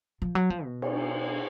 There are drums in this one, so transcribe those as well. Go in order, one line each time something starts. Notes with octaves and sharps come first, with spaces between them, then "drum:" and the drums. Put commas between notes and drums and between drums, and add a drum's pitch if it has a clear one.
F3
F#3
F3
B2
drum: cymbal